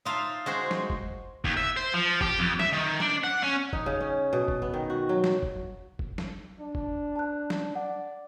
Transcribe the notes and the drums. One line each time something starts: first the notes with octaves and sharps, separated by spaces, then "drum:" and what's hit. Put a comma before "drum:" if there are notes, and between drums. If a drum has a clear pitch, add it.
D#4 F4 E5 F5 A5
G#3 F#4 C5
drum: snare
drum: kick
D#2, drum: kick
E5
C5
F3
G4, drum: kick
F2
E5, drum: snare
D#3
D4, drum: snare
F#5
C#4
D#4, drum: kick
C#3
C#4
B2
drum: kick
B3
D#3
F#4
F#3
drum: snare
drum: kick
drum: kick
drum: snare
D4
drum: kick
A5 F#6
drum: snare
D5 F#5